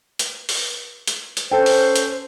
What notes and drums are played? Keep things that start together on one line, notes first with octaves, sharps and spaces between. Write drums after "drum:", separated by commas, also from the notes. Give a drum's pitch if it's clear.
drum: hi-hat
drum: open hi-hat
drum: hi-hat
drum: hi-hat
C#4 A4 C5 G5
drum: open hi-hat
drum: hi-hat